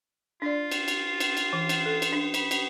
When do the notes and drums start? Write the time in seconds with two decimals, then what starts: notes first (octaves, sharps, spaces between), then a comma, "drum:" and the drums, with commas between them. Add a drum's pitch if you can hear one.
0.42 D4 F4 D5
0.71 drum: cymbal
0.88 drum: cymbal
1.20 drum: cymbal
1.37 drum: cymbal
1.53 E3
1.69 drum: cymbal
1.86 A4
2.02 drum: cymbal
2.13 D4
2.34 B5, drum: cymbal
2.51 drum: cymbal